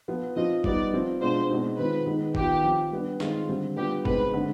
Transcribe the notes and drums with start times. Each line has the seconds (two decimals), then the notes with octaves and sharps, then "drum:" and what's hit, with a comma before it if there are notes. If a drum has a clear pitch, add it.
0.08 F3 B3 F4
0.36 F3 C4 F4 D#5
0.64 G3 B3 D#4 D5, drum: kick G1
0.93 F3 C4 F4
1.21 B2 G#3 D4 F4 C5
1.50 B2 G#3 C4 D#4
1.78 D#3 G#3 C4 F4 B4
2.06 D#3 G#3 B3 D#4
2.35 D#3 B3 F4 G4, drum: kick G1
2.63 F3 C4 F4
2.92 G3 B3 D4
3.20 D#3 G#3 C4 D#4 F4, drum: snare
3.49 D3 G3 C4
3.76 G3 B3 D4 F4 G4
4.05 B2 G#3 C4 D#4 B4, drum: kick G1
4.34 D3 G#3 C4